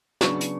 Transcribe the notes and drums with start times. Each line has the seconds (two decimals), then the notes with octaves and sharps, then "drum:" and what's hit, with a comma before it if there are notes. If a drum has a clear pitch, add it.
0.21 C#3 F#3 B3 D4 C#6, drum: snare
0.41 drum: hi-hat